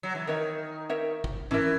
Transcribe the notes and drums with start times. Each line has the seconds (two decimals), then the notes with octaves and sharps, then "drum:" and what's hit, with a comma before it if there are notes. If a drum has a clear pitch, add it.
0.03 F#3
0.15 E3
0.27 D#3 A#4 C#5 E5
0.90 A#4 C#5 E5
1.24 drum: kick
1.51 E3 C#4 E4 A#4 E5, drum: tom G#2